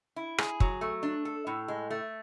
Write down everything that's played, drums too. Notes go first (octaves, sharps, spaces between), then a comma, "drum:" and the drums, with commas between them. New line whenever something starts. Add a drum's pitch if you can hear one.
E4
G#4, drum: rim click
F#3, drum: kick
A3
D4
A4
A2
G#3
A3